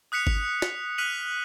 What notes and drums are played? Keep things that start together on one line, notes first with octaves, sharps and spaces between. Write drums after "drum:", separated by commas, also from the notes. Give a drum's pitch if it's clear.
D#6 F#6 B6 C#7 F7
drum: kick G1
drum: snare
F6 F#6 B6 D#7 F7 F#7